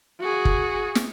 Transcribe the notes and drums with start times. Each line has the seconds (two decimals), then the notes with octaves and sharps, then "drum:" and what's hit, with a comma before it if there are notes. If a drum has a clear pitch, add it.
0.20 F#4 G#4
0.45 drum: kick
0.95 drum: snare